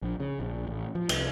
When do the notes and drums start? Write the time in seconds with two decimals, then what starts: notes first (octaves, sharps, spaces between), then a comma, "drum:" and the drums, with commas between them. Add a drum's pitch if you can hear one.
0.02 A#1
0.20 C#3
0.40 A#1
0.67 A1
0.95 F3
1.09 C2, drum: cymbal